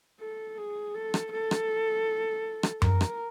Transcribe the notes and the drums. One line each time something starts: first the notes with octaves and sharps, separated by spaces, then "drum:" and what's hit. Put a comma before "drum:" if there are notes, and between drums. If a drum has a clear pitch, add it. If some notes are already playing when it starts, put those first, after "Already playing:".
A4
G#4
A4
drum: rim click
A4
drum: rim click
drum: rim click
A#4, drum: tom F#2
drum: rim click